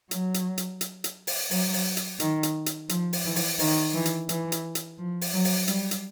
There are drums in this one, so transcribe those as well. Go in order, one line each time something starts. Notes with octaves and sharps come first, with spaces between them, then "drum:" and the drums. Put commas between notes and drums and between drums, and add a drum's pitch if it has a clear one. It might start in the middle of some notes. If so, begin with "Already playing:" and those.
F#3, drum: hi-hat
drum: hi-hat
drum: hi-hat
drum: hi-hat
drum: hi-hat
drum: open hi-hat
F#3, drum: open hi-hat
drum: open hi-hat
drum: hi-hat
D#3, drum: hi-hat
drum: hi-hat
drum: hi-hat
F3, drum: hi-hat
drum: open hi-hat
E3
drum: open hi-hat
D#3, drum: open hi-hat
E3
drum: hi-hat
E3, drum: hi-hat
drum: hi-hat
drum: hi-hat
F3
drum: open hi-hat
F#3
drum: open hi-hat
G3, drum: hi-hat
drum: hi-hat